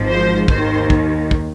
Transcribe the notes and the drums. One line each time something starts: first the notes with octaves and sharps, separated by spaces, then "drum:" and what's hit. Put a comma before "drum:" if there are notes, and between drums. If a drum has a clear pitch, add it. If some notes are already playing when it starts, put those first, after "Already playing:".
Already playing: G#1 G#2 F3
C5
D#2 D#3 C5, drum: kick
drum: kick
drum: kick